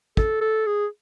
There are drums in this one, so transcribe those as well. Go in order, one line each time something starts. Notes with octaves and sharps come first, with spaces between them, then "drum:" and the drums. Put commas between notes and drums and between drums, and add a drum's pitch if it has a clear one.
A4, drum: kick
A4
G#4